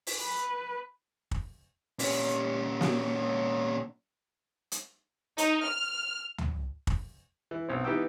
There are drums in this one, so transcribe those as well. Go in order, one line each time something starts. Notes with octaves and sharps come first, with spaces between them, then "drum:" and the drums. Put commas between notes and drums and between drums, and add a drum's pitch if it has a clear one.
drum: open hi-hat
B4
drum: kick
A#2 C#4, drum: open hi-hat
drum: snare
drum: hi-hat
D#4, drum: hi-hat
F6
drum: tom C#2
drum: kick
E3
B1 C4
E3 B3 D#4 G4 G5 E6